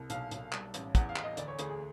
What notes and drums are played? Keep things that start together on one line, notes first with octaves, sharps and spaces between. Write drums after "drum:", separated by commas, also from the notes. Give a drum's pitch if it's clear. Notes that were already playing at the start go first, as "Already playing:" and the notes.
Already playing: C2
B1 F5, drum: hi-hat
B1, drum: hi-hat
G3, drum: clap
A1, drum: hi-hat
E2 F#5, drum: kick, hi-hat
F5
E2, drum: clap
D#5
D2 D5, drum: hi-hat
C#5
D2 G#4, drum: hi-hat
G#4